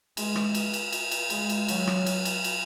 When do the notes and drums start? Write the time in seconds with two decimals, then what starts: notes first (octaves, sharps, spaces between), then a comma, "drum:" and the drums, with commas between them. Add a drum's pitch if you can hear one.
0.17 G#3, drum: cymbal
0.36 drum: rim click
0.55 drum: cymbal
0.73 drum: cymbal
0.92 drum: cymbal
1.11 drum: cymbal
1.30 G#3, drum: cymbal
1.49 drum: cymbal
1.68 F#3, drum: cymbal
1.87 drum: rim click
2.06 drum: cymbal
2.25 drum: cymbal
2.44 drum: cymbal